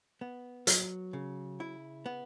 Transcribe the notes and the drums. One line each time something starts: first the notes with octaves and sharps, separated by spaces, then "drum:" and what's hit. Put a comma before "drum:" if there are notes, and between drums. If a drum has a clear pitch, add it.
B3
F#3, drum: hi-hat
C#3
E4
B3